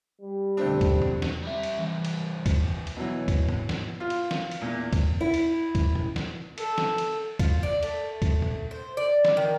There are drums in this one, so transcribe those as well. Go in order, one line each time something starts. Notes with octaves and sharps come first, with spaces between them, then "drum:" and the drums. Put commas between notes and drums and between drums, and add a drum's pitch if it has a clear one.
G3
F2 B2 D3 A3 C4 D4
drum: kick, cymbal
drum: tom E2
drum: snare
G3 E5
drum: cymbal
E3 G3
drum: cymbal
drum: kick, cymbal
drum: cymbal
B2 E3 F#3
drum: kick, cymbal
drum: tom G#2
drum: snare
F4
drum: cymbal
drum: snare
drum: cymbal
E2 A#2
drum: kick, cymbal
E4
drum: cymbal
drum: kick, cymbal
drum: tom A#2
drum: snare
A4, drum: cymbal
drum: snare
drum: cymbal
F4, drum: kick, cymbal
D5
A3, drum: cymbal
drum: kick, cymbal
drum: tom A#2
C5
D5
drum: snare
D#3